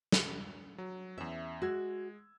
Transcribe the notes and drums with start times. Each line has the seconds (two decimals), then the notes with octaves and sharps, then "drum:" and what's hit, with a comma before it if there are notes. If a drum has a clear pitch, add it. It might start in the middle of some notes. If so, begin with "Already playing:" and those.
0.12 drum: snare
0.78 F#3
1.18 E2 C#4 E5
1.62 G#3 F#4 E6 G#6